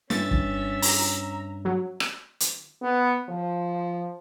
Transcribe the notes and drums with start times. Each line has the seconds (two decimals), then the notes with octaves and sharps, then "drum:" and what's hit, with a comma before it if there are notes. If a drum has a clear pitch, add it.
0.10 G2 C#4 E5 A6, drum: snare
0.31 drum: kick
0.82 A#5, drum: open hi-hat
1.65 F#3
2.00 drum: rim click
2.40 drum: hi-hat
2.82 B3
3.29 F3